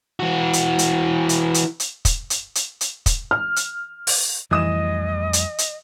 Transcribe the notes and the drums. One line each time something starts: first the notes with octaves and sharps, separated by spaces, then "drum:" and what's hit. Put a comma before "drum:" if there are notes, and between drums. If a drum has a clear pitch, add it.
E3 F#4
drum: hi-hat
drum: hi-hat
drum: hi-hat
drum: hi-hat
drum: hi-hat
drum: kick, hi-hat
drum: hi-hat
drum: hi-hat
drum: hi-hat
drum: kick, hi-hat
F6
drum: hi-hat
drum: open hi-hat
F2 E3 G3 A3 D#5 D#6 E7
drum: hi-hat
drum: hi-hat